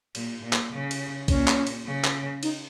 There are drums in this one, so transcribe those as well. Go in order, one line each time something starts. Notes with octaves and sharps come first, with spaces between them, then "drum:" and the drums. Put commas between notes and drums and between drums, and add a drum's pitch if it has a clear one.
A#2, drum: cymbal
A#2
drum: clap
C#3
drum: cymbal
A#2 C#4, drum: kick, cymbal
drum: clap
drum: cymbal
C#3
drum: clap
D#4, drum: cymbal